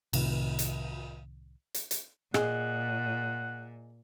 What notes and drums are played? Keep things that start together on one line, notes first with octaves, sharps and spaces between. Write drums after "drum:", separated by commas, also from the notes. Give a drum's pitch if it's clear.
C2 A2 C3 D#3, drum: cymbal
drum: hi-hat
drum: hi-hat
drum: hi-hat
A#2 G#4 D#5 F#5, drum: rim click